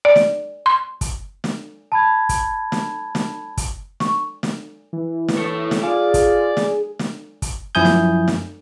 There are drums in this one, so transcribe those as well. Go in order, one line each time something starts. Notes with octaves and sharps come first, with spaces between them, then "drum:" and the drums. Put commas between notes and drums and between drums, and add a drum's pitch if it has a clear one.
D5
drum: snare
C6
drum: kick, hi-hat
drum: snare
A5 B5 G#6
drum: kick, hi-hat
drum: snare
drum: snare
drum: kick, hi-hat
C#6, drum: snare
drum: snare
E3
drum: snare
A4 C#5
drum: snare
F4 G#4 D5
drum: kick, hi-hat
drum: snare
drum: snare
drum: kick, hi-hat
F#2 F3 E4 G#5 D#6 G6
drum: snare
drum: snare